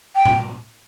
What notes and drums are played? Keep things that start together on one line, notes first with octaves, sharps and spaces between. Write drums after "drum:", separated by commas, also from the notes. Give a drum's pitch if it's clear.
G5
drum: tom A2